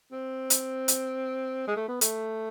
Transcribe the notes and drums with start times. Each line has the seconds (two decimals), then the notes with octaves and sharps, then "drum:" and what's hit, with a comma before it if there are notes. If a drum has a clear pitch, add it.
0.12 C4
0.50 drum: hi-hat
0.88 drum: hi-hat
1.68 G#3
1.76 A3
1.88 B3
2.01 A3, drum: hi-hat